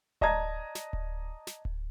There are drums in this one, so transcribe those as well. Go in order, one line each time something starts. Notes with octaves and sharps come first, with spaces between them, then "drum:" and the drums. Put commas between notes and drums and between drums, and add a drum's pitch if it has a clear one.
D5 D#5 A5 A#5 G#6, drum: kick D1
drum: snare
drum: kick D1
drum: snare
drum: kick D1